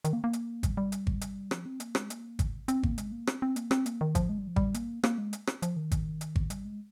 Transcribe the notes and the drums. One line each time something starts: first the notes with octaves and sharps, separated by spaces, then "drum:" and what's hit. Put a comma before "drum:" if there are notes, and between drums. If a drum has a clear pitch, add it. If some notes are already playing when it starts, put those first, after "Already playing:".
D#3, drum: hi-hat
A#3
A#3
drum: hi-hat
G3, drum: kick G#1, hi-hat
G3
drum: hi-hat
drum: kick G#1
drum: hi-hat
F3, drum: rim click
C4
A#3, drum: hi-hat
G#3, drum: rim click
A#3, drum: hi-hat
drum: kick G#1, hi-hat
C4, drum: hi-hat
A#3, drum: kick G#1
G#3, drum: hi-hat
A#3
C4, drum: rim click
C4
A#3, drum: hi-hat
C4, drum: rim click
A#3, drum: hi-hat
D#3
F3, drum: kick G#1, hi-hat
G#3
G3
F3
G3, drum: kick G#1
A#3, drum: hi-hat
A#3, drum: rim click
G#3
drum: hi-hat
drum: rim click
F3, drum: hi-hat
D#3
drum: kick G#1, hi-hat
drum: hi-hat
drum: kick G#1
G3, drum: hi-hat
G#3